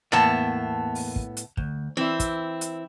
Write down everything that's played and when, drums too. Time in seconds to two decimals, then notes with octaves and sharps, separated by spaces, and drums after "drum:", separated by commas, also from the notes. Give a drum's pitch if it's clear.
0.12 E2 A2 A#3 B3 A5
0.95 drum: open hi-hat
1.16 drum: kick
1.37 drum: hi-hat
1.57 D2, drum: kick
1.97 E3 C4 E4
2.20 drum: kick, hi-hat
2.61 drum: hi-hat